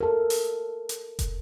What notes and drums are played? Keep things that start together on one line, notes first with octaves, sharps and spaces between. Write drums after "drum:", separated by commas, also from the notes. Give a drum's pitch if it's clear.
A4 A#4
drum: open hi-hat
drum: hi-hat
drum: kick, hi-hat